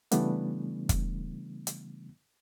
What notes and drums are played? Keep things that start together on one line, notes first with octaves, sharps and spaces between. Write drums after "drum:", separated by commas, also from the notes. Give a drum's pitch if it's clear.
C#3 E3 G3 A3 B3 D4, drum: hi-hat
drum: kick, hi-hat
drum: hi-hat